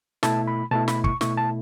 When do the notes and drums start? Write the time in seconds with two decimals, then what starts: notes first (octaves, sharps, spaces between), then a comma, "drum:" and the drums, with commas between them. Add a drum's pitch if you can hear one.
0.23 B2 A3 E4 A5, drum: snare
0.47 B5
0.71 B2 A3 E4 A5
0.88 B5, drum: snare
1.04 C#6, drum: kick
1.21 B2 A3 E4 C#6, drum: snare
1.37 A5